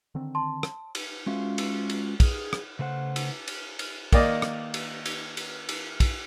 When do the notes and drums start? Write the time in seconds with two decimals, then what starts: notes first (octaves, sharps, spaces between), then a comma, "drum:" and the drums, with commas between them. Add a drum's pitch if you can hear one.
0.15 D3 D#3 C4
0.35 A5 C6
0.63 drum: rim click
0.95 drum: cymbal
1.26 G#3 C#4 F4 F#4 E5
1.58 drum: cymbal
1.90 drum: cymbal
2.20 G#4, drum: kick, cymbal
2.53 drum: rim click
2.79 C#3 A3 C5 F#5
3.16 drum: cymbal
3.48 drum: cymbal
3.79 drum: cymbal
4.12 D#3 A#3 D5 D#5, drum: kick, cymbal
4.42 drum: rim click
4.74 drum: cymbal
5.05 drum: cymbal
5.37 drum: cymbal
5.69 drum: cymbal
6.00 drum: kick, cymbal